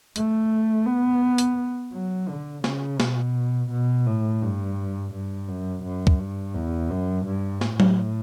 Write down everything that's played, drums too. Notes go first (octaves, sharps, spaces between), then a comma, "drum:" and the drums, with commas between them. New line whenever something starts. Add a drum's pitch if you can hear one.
A3, drum: hi-hat
B3
drum: hi-hat
F#3
D3
C#3, drum: snare
B2, drum: snare
B2
A2
G2
G2
F#2
F#2
drum: kick
G2
E2
F#2
G2
A2, drum: snare
drum: tom F#3